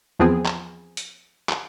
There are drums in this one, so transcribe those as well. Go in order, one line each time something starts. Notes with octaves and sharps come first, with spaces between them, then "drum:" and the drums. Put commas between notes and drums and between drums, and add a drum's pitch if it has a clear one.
E2 F3 B3 C4 G#4
drum: clap
drum: hi-hat
drum: clap